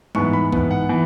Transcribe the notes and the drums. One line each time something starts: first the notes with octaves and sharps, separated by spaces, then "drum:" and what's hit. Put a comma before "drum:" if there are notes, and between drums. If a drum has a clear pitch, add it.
G#2 E3 B3 C#6, drum: tom G3
B5
G#2 E3 B3, drum: kick
F#5
E3 B3